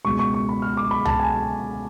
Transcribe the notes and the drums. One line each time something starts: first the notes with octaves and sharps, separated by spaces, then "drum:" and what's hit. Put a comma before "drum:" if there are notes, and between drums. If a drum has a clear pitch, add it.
C#2 B2 G#3 C#6
C#6
C#6
B5
F6
D6
B5
A5, drum: tom
G#5